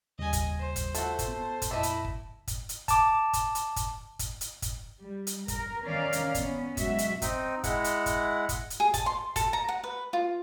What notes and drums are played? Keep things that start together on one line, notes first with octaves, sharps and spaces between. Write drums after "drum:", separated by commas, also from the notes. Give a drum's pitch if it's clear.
D#2 C#3 G3 D#5 G#5
drum: kick, hi-hat
C5
drum: kick, hi-hat
A3 F4 F#4 A4, drum: hi-hat
drum: kick, hi-hat
B3
drum: kick, hi-hat
F2 A#2 A3 E4 D#5 D6 E6
drum: hi-hat
drum: kick
drum: kick, hi-hat
drum: hi-hat
A5 D6, drum: kick, hi-hat
drum: kick, hi-hat
drum: hi-hat
drum: kick, hi-hat
drum: kick, hi-hat
drum: hi-hat
drum: kick, hi-hat
G3
drum: hi-hat
A#4, drum: kick, hi-hat
D#3 C#4 A#4 D5 F5
drum: hi-hat
B3 C#4, drum: kick, hi-hat
B2 F#3 G#3 F#4 E5, drum: kick, hi-hat
drum: hi-hat
C4 D#4, drum: kick, hi-hat
G#3 E4 F#5, drum: kick, hi-hat
drum: hi-hat
drum: kick, hi-hat
drum: kick, hi-hat
drum: hi-hat
G#4
A5, drum: kick, hi-hat
C6
A4, drum: kick, hi-hat
A#5
F#5
B4
F4